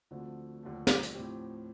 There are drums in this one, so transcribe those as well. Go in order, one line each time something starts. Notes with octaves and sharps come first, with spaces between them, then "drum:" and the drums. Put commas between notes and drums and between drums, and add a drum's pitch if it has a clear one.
D2 D3 F3 A3 C4
D#2 D3 F3 A3
drum: snare
drum: hi-hat
A2 F3 C4 G4